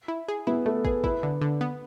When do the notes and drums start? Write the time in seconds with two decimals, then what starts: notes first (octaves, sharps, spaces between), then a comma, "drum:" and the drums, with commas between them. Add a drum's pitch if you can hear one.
0.08 E4
0.28 G#4
0.47 B3 E4
0.66 A3 A4
0.85 G#4 B4, drum: kick
1.04 E4 B4, drum: kick
1.23 D3
1.41 D3
1.61 B3